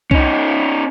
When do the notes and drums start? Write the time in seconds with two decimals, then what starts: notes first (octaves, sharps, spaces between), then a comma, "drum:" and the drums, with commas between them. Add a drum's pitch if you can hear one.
0.11 C#4 D#4, drum: kick